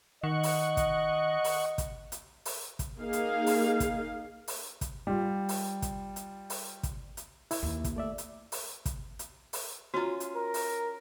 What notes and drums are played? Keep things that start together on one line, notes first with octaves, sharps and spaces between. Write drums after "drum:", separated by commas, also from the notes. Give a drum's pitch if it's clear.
D#3 D#5 F#5 C#6
drum: open hi-hat
drum: kick, hi-hat
drum: open hi-hat
drum: kick, hi-hat
drum: hi-hat
drum: open hi-hat
drum: kick, hi-hat
A#3 D#4 G#4 F5
drum: hi-hat
drum: open hi-hat
drum: kick, hi-hat
drum: open hi-hat
drum: kick, hi-hat
G3 F4
drum: open hi-hat
drum: kick, hi-hat
drum: hi-hat
drum: open hi-hat
drum: kick, hi-hat
drum: hi-hat
E4, drum: open hi-hat
D#2 A#3
drum: kick, hi-hat
A3 D5 E5
drum: hi-hat
drum: open hi-hat
drum: kick, hi-hat
drum: hi-hat
drum: open hi-hat
C#4 F4 F#4 A#5
drum: hi-hat
A#4
drum: open hi-hat